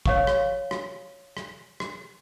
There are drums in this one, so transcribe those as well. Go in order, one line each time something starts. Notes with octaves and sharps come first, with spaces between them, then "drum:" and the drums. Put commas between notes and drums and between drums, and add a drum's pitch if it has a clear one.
C#5 F5 C#6, drum: kick
drum: rim click
drum: rim click
drum: rim click
drum: rim click